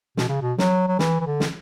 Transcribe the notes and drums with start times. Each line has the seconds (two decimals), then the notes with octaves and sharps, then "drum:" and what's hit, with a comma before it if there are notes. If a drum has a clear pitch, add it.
0.17 B2, drum: snare
0.29 C#3
0.42 B2
0.58 F#3, drum: snare
0.88 F#3
0.99 E3, drum: snare
1.21 E3
1.26 D3
1.40 drum: snare